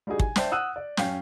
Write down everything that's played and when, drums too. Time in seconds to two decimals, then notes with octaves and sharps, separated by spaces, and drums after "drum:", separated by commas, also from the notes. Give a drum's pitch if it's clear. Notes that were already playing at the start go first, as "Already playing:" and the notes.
0.07 G3 D4 D#4 F#4 G#4
0.19 G#5, drum: kick
0.36 C5 D5 E5 G5 A5, drum: snare
0.51 F#5 D#6 E6 F#6 D#7
0.76 D5
0.97 F#2 C#4 F5 G5 G6 C7, drum: snare